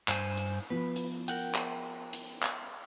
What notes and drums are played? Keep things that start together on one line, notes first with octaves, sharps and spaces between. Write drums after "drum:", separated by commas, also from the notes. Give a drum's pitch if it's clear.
G2 C5 G#5, drum: clap
drum: hi-hat
F3 B3 B4
drum: hi-hat
A#4 F#5 G5, drum: hi-hat
drum: clap
drum: hi-hat
drum: clap